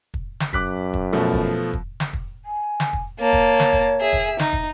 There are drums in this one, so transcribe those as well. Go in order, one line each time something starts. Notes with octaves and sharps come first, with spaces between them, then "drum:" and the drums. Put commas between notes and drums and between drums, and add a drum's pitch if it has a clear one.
drum: kick
drum: snare
F#2 D6 F#6 B6, drum: kick
drum: kick
B2 F3 A3
drum: kick
drum: kick
drum: snare
drum: kick
G#5
drum: snare
drum: kick
A#3 C#5 A5
drum: kick
drum: snare
drum: kick
G#4 E5
drum: kick
D#4, drum: snare
drum: kick